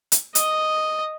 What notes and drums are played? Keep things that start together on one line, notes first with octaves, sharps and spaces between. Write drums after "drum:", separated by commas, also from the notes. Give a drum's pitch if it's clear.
drum: hi-hat
D#5, drum: hi-hat